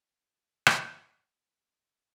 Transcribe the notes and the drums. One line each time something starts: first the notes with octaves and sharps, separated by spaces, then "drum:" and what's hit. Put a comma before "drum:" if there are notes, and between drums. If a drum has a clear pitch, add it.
A4
drum: rim click
D5 E5